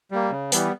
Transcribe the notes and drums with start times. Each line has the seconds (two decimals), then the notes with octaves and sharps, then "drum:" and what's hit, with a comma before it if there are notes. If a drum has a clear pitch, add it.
0.11 G3 A#3
0.31 C#3
0.52 E3 G3 B3, drum: hi-hat